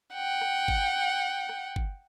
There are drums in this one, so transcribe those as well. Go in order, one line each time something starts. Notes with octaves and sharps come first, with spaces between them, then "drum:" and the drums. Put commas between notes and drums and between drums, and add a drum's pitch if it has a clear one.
F#5 G5
drum: rim click
drum: kick G1
drum: rim click
drum: kick G1